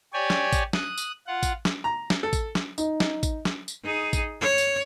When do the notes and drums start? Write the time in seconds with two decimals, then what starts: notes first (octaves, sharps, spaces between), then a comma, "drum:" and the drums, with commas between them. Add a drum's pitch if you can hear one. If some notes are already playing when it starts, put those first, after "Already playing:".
0.14 G4 C#5 D5 G#5
0.30 drum: snare
0.53 drum: kick A1, tambourine
0.73 D#6 F#6, drum: snare
0.98 drum: tambourine
1.27 F4 F#5
1.43 drum: kick A1, tambourine
1.65 drum: snare
1.84 A#5
2.10 drum: snare
2.23 A4
2.33 drum: kick A1, tambourine
2.55 drum: snare
2.78 D#4, drum: tambourine
3.00 drum: snare
3.23 drum: kick A1, tambourine
3.45 drum: snare
3.68 drum: tambourine
3.84 D#4 G#4
4.13 drum: kick A1, tambourine
4.41 C#5
4.58 drum: tambourine